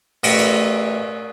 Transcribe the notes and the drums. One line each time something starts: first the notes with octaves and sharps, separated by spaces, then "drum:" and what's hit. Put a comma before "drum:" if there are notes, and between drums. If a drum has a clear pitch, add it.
A1, drum: cymbal
drum: hi-hat